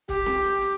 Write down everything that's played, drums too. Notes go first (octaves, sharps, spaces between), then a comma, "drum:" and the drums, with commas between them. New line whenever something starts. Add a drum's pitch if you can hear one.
G4, drum: kick C#1, hi-hat
drum: snare
drum: hi-hat
drum: hi-hat